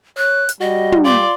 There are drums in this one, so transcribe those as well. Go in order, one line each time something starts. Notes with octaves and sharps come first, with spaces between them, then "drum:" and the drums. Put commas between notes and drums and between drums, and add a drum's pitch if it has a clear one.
C#5 F#6
drum: hi-hat
G3 F#4 D#5
drum: tom
F4 D5 C6